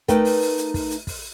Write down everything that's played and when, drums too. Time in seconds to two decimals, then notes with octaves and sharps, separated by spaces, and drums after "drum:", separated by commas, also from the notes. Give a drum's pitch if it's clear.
0.08 A3 D#4 A#4 B4 G5, drum: kick, hi-hat
0.25 drum: open hi-hat
0.41 drum: open hi-hat
0.58 drum: hi-hat
0.74 drum: kick, open hi-hat
0.91 drum: hi-hat
1.07 drum: kick, open hi-hat